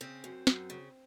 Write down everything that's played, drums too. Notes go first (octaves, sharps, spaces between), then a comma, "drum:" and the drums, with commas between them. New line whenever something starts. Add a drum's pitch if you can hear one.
C#3 C4
F#2
F#2, drum: snare
C#3